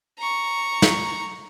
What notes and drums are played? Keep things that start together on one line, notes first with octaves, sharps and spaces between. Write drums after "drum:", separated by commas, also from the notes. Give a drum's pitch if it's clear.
A#5 C#6
drum: snare